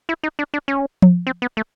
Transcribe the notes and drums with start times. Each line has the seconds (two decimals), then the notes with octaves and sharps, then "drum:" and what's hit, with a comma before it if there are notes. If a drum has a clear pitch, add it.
0.09 E4
0.23 D#4
0.39 D4
0.54 D4
0.68 C#4
1.02 drum: tom F3
1.27 C4
1.42 B3
1.57 A3